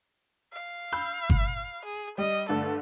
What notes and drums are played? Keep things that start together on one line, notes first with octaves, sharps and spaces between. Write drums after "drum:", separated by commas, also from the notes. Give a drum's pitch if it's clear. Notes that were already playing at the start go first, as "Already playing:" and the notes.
F5
B5 E6 G6
drum: kick G1
G#4
G3 D#5
G2 D3 A3 A4